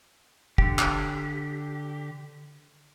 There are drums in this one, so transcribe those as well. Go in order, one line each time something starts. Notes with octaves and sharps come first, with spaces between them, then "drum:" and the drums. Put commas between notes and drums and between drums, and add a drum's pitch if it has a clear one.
D3 G4, drum: kick
drum: clap